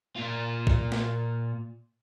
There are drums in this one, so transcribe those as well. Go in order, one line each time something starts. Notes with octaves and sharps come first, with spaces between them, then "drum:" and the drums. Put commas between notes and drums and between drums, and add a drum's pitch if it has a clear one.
A#2 F4
drum: kick
drum: snare